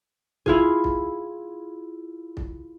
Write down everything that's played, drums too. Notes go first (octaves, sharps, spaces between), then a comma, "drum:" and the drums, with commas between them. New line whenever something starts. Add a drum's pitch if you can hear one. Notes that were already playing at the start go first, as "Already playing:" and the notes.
E4 F4 G#4, drum: kick
drum: kick
drum: kick